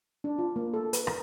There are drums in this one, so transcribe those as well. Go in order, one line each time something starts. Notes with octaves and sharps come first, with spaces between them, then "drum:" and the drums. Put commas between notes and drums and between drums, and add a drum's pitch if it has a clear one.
D4
F4
A#3
A4
B4, drum: hi-hat
A#4, drum: rim click